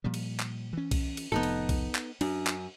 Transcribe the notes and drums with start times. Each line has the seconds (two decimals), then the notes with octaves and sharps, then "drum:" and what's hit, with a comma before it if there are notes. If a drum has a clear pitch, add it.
0.04 A#2 F3 G3
0.14 drum: cymbal
0.40 drum: clap
0.73 E3 C#4
0.91 drum: kick C2, cymbal
1.17 drum: cymbal
1.32 F1 F2 A2 B3 D#4 A4
1.43 drum: cymbal
1.69 drum: kick C2, cymbal
1.95 drum: clap
2.21 F#2 D4, drum: cymbal
2.47 drum: clap